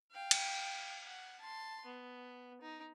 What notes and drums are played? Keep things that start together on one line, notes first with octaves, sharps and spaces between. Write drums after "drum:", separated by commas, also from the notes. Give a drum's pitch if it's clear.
F5 G5
drum: cymbal
F#5
A5 C6
B3
D#4